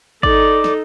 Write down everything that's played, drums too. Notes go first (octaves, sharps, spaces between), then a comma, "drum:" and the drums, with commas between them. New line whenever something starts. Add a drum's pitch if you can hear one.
D#4 A4 D5, drum: kick G#1
drum: snare